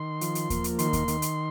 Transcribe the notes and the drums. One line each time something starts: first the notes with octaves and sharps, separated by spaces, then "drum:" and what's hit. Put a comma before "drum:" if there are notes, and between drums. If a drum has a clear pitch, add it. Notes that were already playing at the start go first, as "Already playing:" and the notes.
Already playing: D#3 C6
F3, drum: hi-hat
drum: hi-hat
A#3, drum: kick D#2, hi-hat
drum: hi-hat
D#3 C6, drum: hi-hat
drum: kick D#2, hi-hat
D#3, drum: hi-hat
drum: hi-hat